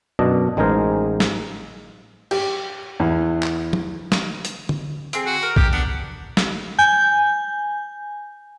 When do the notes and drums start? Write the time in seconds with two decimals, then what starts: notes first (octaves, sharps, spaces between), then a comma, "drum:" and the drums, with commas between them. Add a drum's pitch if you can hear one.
0.19 F#2 B2 D4 D#5
0.57 A1 G#3 D#4 G#4 A#4 C5
1.20 drum: snare
2.31 G4, drum: cymbal
3.00 E2
3.43 drum: clap
3.73 drum: tom
4.12 drum: snare
4.45 drum: hi-hat
4.69 drum: tom
5.13 C4 G#4, drum: hi-hat
5.26 F#4
5.42 A#4
5.56 G4, drum: kick A#1
5.73 B3 D4
6.37 drum: snare
6.79 G#5 G6